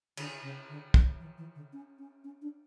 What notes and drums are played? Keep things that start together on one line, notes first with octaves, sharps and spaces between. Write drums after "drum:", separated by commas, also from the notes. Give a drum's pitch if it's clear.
D3, drum: cymbal
C#3
D3
D3, drum: kick
E3
E3
D3
C#4
C#4
C#4
D4